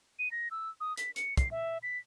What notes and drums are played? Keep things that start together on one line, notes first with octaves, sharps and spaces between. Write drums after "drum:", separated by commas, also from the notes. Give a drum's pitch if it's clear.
D#7
A#6
E6
D#6
B6, drum: hi-hat
C#7, drum: hi-hat
C7, drum: kick, hi-hat
E5
B6